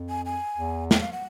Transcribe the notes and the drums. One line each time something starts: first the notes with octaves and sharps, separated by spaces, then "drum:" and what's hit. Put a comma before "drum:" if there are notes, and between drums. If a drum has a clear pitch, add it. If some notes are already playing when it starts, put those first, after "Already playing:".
Already playing: F2
G#5
G#5
E2
G5, drum: snare
F5
F#5